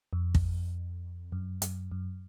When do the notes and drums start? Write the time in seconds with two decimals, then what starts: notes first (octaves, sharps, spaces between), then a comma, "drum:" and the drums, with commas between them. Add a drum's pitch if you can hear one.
0.13 F2
0.35 drum: kick
1.32 F#2
1.62 F#2, drum: hi-hat
1.91 F#2